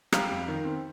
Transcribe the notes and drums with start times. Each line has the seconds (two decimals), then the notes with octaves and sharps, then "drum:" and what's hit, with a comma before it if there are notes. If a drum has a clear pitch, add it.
0.12 G3 F5 A#5, drum: rim click
0.31 F2
0.48 D#3
0.65 C4